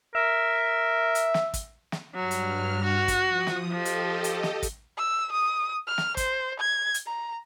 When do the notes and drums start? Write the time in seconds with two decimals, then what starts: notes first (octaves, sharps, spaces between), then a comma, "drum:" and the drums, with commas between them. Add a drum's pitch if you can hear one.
0.15 A#4 E5
1.15 drum: hi-hat
1.34 drum: snare
1.54 drum: kick, hi-hat
1.92 drum: snare
2.15 G2 F#3 F6
2.31 drum: hi-hat
2.84 F#4
3.08 drum: kick, hi-hat
3.24 F3 D#6
3.47 drum: snare
3.72 F3 G4 A4 D#5
3.85 drum: hi-hat
4.24 drum: hi-hat
4.43 drum: snare
4.63 drum: kick, hi-hat
4.97 E6
5.32 D#6
5.87 F6
5.98 drum: snare
6.17 C5, drum: kick, hi-hat
6.60 G#6
6.94 drum: hi-hat
7.06 A#5